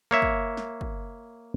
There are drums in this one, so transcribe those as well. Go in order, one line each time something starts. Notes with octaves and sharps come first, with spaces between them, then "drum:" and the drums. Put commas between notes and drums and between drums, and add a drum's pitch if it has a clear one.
A#3 C#5 E5
drum: kick
drum: snare
drum: kick